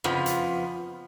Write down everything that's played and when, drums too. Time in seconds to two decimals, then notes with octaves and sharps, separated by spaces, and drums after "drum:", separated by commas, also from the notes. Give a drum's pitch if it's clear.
0.04 F2 C#3 F3 B3, drum: rim click
0.26 drum: hi-hat